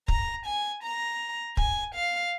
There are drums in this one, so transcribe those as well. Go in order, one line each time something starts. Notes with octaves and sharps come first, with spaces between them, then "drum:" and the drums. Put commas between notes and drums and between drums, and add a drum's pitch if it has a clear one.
A#5, drum: kick
G#5
A#5
G#5, drum: kick
F5